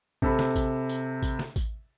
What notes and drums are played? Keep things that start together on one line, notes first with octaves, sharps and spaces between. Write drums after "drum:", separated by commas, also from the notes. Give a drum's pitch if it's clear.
C3 A4 B5, drum: kick A1
drum: snare
drum: kick A1, tambourine
drum: tambourine
drum: kick A1, tambourine
drum: snare
drum: kick A1, tambourine